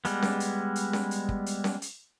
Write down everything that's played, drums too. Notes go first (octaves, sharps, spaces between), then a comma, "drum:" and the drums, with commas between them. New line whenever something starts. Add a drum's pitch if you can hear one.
G3 G#3 B3, drum: hi-hat
drum: snare C#4
drum: hi-hat
drum: hi-hat
drum: snare C#4
drum: hi-hat
drum: kick
drum: hi-hat
drum: snare C#4
drum: hi-hat